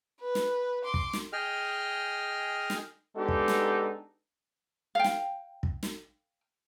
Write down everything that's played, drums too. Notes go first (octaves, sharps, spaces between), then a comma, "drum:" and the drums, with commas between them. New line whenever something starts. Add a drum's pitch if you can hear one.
B4
drum: snare
C6 D6
drum: kick
drum: snare
G#4 D#5 G5 F6
drum: snare
G#3 B3 D4 D#4 G4 A4
drum: kick
drum: snare
F5 G5
drum: snare
drum: kick
drum: snare